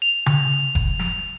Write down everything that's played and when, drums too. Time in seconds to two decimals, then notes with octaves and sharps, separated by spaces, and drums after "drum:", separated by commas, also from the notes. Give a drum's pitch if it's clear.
0.02 F7
0.26 drum: tom C#3
0.75 drum: kick F1, hi-hat
0.99 drum: snare